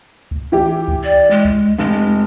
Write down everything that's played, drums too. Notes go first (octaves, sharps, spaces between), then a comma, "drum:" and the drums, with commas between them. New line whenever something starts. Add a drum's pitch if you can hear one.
drum: kick C#2
E3 G4
drum: kick C#2
D5
G#3
drum: kick C#2
F1 G#3